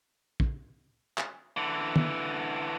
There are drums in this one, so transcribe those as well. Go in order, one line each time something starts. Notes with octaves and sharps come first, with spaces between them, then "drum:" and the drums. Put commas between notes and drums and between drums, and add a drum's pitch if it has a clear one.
drum: kick
drum: clap
D3 E3
drum: tom